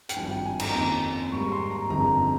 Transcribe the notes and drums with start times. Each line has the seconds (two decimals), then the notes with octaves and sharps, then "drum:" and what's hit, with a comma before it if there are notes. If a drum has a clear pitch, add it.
0.09 G5, drum: hi-hat
0.16 G#1 G2 F3 G#5
0.31 G5
0.46 G#5
0.60 A#5, drum: cymbal
0.74 F2 D#3 A#3 C#4
1.32 G#2 G3 A#3 C#6
1.52 C6
1.71 A#5
1.90 G1 F2 C#3 A#5